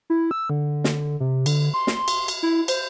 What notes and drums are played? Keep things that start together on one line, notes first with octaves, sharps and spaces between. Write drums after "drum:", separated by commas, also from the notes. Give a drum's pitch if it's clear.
E4
E6
D3
drum: snare
C3
D3, drum: cymbal
C6
drum: snare
drum: cymbal
drum: cymbal
E4
C5, drum: cymbal